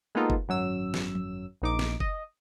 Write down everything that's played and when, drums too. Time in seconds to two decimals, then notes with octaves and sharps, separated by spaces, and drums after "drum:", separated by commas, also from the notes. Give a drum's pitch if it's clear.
0.15 G#3 A#3 B3 D#4 F4 A4
0.30 drum: kick F#1
0.48 G#1 F#2 F#3 E6
0.94 drum: snare
1.15 drum: tom F3
1.62 A#1 D#4 D6
1.79 drum: snare
2.00 D#5, drum: kick F#1